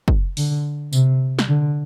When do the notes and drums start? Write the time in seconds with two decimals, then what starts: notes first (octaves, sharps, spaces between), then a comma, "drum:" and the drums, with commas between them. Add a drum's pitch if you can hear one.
0.08 drum: kick
0.37 D3, drum: open hi-hat
0.93 C3, drum: tambourine
1.39 drum: snare
1.48 D3